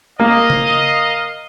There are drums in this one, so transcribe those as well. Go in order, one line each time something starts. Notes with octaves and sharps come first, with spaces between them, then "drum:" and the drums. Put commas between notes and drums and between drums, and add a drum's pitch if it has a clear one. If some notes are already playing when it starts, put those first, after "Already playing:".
A#3 A#4 D#5 F5
drum: tom C#3